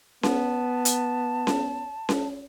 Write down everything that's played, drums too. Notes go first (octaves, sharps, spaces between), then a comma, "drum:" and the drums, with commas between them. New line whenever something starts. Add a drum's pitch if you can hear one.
B3 A5, drum: snare C#4
drum: hi-hat
drum: snare C#4
drum: snare C#4